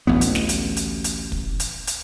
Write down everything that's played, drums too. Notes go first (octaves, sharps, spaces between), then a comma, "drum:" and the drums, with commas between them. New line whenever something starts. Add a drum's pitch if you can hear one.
A1 D2 B3
drum: hi-hat
drum: snare
drum: hi-hat
drum: hi-hat
drum: hi-hat
drum: kick
drum: hi-hat
drum: hi-hat